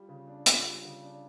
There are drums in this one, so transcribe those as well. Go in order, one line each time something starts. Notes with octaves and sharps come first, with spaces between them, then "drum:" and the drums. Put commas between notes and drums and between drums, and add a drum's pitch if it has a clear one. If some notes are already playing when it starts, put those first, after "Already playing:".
Already playing: G3 F4
C#3
D4
F4, drum: hi-hat
G3
C#3
D4